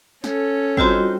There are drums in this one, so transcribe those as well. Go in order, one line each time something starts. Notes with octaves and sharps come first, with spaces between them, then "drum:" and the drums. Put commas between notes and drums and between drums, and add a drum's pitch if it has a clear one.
C#4 A4, drum: snare
G3 C4 D#4 F4 F#4 C5, drum: kick